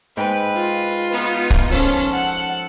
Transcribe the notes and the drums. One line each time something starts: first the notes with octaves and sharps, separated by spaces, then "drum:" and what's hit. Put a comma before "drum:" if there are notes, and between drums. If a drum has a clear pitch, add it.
G#2 B4 G5
F4
B3 D#4
drum: kick
F3 C#4 A4, drum: open hi-hat
F#5